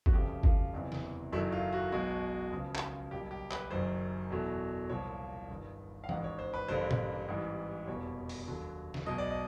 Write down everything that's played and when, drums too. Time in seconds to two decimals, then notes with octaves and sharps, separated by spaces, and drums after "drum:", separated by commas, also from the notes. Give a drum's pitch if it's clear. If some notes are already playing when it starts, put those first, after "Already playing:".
0.06 F#4, drum: kick G1
0.13 G1 F2 C#3 F3 A3 G4
0.43 F4, drum: kick G1
0.73 F#1 E2 C3 E3
0.92 drum: snare
1.32 F#1 F#2 D#3 F#3 A3 E4
1.52 F4
1.73 F#4
1.92 B1 B2 G#3 F#4
2.52 C#2 C#3 F3
2.75 drum: clap
3.11 B1 A#2 G3 A#3 G4
3.31 G4
3.51 B4, drum: clap
3.71 F#1 F#2 D#3 C5
4.31 E2 B2 F#3 A3
4.89 C2 A#2 F3 C#5
5.50 G1 G2 D#3
6.04 F5
6.09 A1 G#2 D#3 F#5, drum: tom E3
6.24 C#5
6.39 C5
6.54 B4
6.68 A1 G2 D3 G3 A#3 C5
6.91 drum: tom A#2
7.28 A1 G#2 E3 G3
7.87 F1 E2 B2 G3 A#3 C#5
8.29 drum: open hi-hat
8.47 D#2 D3 F#3
8.94 drum: snare
9.06 B1 B2 G#3 D#5
9.18 D5
9.30 D#5